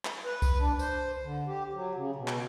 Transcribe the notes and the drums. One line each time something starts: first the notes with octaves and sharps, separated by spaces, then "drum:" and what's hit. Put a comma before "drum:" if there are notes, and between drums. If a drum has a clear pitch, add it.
drum: clap
B4
drum: kick C2, tambourine
D4
C5, drum: tambourine
D3
G4
F#3
C#3
B2
drum: clap